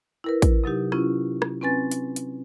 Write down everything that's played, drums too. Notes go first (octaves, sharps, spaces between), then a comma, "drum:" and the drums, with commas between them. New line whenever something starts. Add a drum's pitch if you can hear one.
E4 A#4 B4
drum: kick A1, hi-hat
C3 F#3 D#4 G4
C#4 E4 F4, drum: rim click
drum: rim click
C4 C#4 B4 G#5 A6
drum: hi-hat
drum: hi-hat